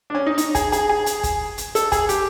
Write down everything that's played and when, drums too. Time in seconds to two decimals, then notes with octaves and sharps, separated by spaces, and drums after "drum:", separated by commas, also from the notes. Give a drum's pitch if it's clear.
0.10 D4
0.15 C#4
0.27 D#4
0.38 D#4, drum: hi-hat
0.55 G#4, drum: kick, hi-hat
0.72 G#4, drum: hi-hat
0.89 G#4
1.06 drum: hi-hat
1.23 drum: kick, hi-hat
1.58 drum: hi-hat
1.75 A4, drum: hi-hat
1.92 G#4, drum: kick, hi-hat
2.09 G4, drum: hi-hat